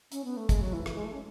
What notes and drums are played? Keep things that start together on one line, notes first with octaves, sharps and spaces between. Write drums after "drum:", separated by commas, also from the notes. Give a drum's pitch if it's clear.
C#4, drum: hi-hat
B3
A3
G#3, drum: kick, hi-hat
F#3
E3
E3, drum: rim click
G#3
A3
C#4